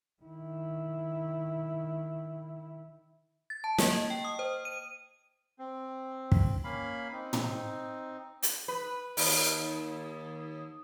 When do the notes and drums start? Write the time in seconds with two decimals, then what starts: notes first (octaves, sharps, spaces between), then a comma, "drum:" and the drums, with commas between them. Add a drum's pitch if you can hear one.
0.22 D#3 E4
3.50 A6
3.64 A5
3.78 A#3, drum: snare
3.93 D#5
4.10 G5
4.25 D#6
4.39 C5
4.65 D#7
5.59 C4
6.32 drum: kick
6.64 A#3 C#4 F5 B5
7.12 C4 D#4
7.33 drum: tom
8.43 drum: hi-hat
8.68 B4
9.17 D#2, drum: open hi-hat